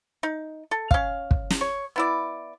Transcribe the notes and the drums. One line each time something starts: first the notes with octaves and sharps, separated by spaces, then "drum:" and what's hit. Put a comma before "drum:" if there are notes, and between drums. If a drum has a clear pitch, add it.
D#4
A4
C#4 F5, drum: kick
drum: kick
drum: snare
C#5
B3 E4 D5